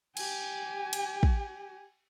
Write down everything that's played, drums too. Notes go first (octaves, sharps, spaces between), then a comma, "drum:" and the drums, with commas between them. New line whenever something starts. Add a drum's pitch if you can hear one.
G4 G#5, drum: cymbal
drum: cymbal
drum: kick